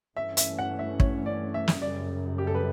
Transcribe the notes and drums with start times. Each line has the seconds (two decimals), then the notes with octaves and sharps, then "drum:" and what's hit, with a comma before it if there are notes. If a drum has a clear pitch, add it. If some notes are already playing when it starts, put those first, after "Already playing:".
0.17 G2 E3 A3 C#4 E5
0.37 E5, drum: hi-hat
0.59 F#5
0.79 E5
1.00 C#5, drum: kick
1.26 D5
1.54 E5
1.68 drum: snare
1.81 F#2 C#3 G3 D5
2.38 G4
2.47 A4
2.55 B4